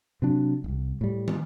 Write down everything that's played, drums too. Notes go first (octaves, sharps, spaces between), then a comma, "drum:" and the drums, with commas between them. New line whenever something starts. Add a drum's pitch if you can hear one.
C3 F#3 D4
D#1 C2
A2 G3
drum: tom